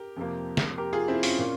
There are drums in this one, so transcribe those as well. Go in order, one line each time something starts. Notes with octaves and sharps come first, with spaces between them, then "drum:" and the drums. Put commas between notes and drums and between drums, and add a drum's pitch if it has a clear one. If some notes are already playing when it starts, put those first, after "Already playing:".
Already playing: G4 A#4
F2 C3 F3 A#3
drum: snare
G4 A#4
F4 G#4
C4 E4
C#4 F4, drum: open hi-hat
A#2